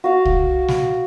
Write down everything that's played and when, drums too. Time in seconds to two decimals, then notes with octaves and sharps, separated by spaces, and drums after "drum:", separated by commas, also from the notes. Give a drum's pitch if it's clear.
0.04 F#4 F5
0.25 drum: kick C2
0.68 drum: snare